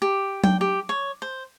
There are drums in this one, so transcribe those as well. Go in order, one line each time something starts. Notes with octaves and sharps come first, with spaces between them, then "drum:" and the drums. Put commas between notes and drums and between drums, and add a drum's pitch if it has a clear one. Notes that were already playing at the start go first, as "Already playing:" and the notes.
G4
G5, drum: tom F#3
G4
C#5
C5